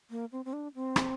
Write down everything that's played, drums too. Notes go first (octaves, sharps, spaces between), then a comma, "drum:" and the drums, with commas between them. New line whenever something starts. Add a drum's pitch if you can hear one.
A#3
C4
C4
D4
C4
drum: rim click